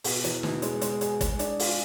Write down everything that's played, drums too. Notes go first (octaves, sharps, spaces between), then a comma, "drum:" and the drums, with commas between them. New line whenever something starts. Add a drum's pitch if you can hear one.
B2, drum: open hi-hat
E2, drum: hi-hat
B2, drum: snare
G#3, drum: hi-hat
G#3, drum: hi-hat
G#4, drum: hi-hat
G#3, drum: kick, hi-hat
D4, drum: hi-hat
F4, drum: open hi-hat